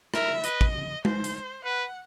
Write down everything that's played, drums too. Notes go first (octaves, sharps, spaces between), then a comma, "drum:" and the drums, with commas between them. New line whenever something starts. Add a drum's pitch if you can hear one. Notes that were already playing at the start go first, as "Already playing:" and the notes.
A#4 E5, drum: rim click
B4 D#5, drum: hi-hat
drum: kick
C5, drum: tom G#3
drum: hi-hat
B4 F#5